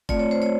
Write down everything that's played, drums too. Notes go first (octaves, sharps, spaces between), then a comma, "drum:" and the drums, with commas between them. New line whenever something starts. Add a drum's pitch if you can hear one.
A3 C4 F4 D5, drum: kick F1
C#5
C5
C#5